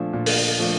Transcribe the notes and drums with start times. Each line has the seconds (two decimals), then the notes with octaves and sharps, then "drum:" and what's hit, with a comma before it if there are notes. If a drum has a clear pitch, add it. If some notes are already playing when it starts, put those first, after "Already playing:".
Already playing: A#2 F3 A3 D4 F4
0.13 A#2
0.26 drum: open hi-hat
0.59 F3 A3 D4 F4